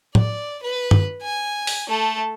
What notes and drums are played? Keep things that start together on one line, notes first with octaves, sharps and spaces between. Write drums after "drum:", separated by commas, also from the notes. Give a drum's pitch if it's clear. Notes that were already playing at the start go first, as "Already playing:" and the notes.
D5, drum: tom A2
B4
drum: tom G2
G#5
drum: open hi-hat
A3 A4